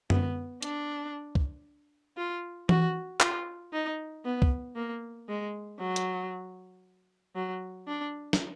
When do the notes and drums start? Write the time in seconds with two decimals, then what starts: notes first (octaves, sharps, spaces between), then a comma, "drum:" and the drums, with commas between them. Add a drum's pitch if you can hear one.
0.10 B3, drum: tom F#2
0.62 D4, drum: hi-hat
1.35 drum: kick
2.17 F4
2.69 F#4, drum: tom E3
3.20 F4, drum: clap
3.73 D#4
4.25 B3
4.42 drum: kick
4.76 A#3
5.29 G#3
5.80 F#3
5.96 drum: hi-hat
7.35 F#3
7.88 D4
8.33 drum: snare